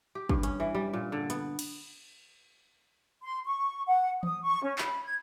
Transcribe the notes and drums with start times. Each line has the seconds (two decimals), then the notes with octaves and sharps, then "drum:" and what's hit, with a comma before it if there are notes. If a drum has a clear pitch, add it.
0.15 G4
0.29 G2, drum: kick
0.43 C#4, drum: hi-hat
0.60 E3
0.75 G3
0.93 A#2
1.12 D3
1.30 B3, drum: hi-hat
1.59 drum: cymbal
3.23 C6
3.46 C#6
3.86 F#5
4.23 D#6, drum: tom E3
4.44 C#6
4.64 C#4
4.78 B5, drum: clap
5.04 G#6